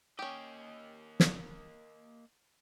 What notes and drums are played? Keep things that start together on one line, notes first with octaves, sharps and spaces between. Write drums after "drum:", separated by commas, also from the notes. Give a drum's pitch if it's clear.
A#3 C#4 G4 D#5
drum: snare